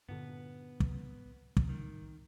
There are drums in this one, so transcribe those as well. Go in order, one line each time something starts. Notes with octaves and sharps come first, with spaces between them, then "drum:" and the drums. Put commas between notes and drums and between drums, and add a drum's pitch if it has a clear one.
G2 A#2 D3 B3
drum: kick
drum: kick
D#3